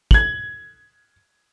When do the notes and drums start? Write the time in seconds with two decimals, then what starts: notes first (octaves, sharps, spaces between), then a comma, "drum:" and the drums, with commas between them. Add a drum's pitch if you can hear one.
0.11 G#6 F#7, drum: kick